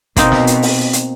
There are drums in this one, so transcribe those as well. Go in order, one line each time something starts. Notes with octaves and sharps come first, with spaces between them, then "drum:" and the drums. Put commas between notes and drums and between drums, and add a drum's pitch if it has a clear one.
B2 A#3 C4 D#4, drum: kick, hi-hat
drum: snare
drum: hi-hat
drum: open hi-hat
drum: hi-hat